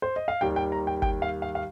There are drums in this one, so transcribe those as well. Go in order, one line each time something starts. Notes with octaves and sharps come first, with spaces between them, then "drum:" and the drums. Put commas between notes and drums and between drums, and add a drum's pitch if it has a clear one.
C5
D#5
F5
D#2 D#3 G3 G5
G5
A#5
G5
G5, drum: kick G1
F5
F5
F5